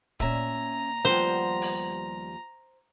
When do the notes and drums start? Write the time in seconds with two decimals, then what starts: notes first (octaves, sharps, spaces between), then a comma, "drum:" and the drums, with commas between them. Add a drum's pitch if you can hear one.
0.20 A#2 C#4 E5 A#5, drum: kick C#1
1.05 D#2 F3 G3 B3 F#4 G4 C5
1.62 drum: open hi-hat